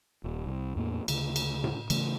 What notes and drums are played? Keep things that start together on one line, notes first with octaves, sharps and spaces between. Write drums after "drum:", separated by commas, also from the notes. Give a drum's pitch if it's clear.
D#1
C2
E2 A2 A#3
D2 C#3, drum: cymbal
drum: cymbal
drum: tom A2
C#3 E3 A3, drum: cymbal